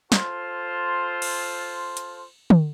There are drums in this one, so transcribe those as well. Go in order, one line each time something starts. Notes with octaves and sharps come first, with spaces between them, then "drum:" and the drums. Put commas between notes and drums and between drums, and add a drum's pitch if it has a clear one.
F4 A4 C5, drum: snare
drum: cymbal
drum: hi-hat
drum: tom